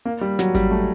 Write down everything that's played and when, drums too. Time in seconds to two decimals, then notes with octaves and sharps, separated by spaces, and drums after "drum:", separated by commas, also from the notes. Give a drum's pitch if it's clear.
0.05 A#3
0.21 G3
0.39 F#3, drum: snare
0.55 G3, drum: kick G#1, hi-hat
0.71 A3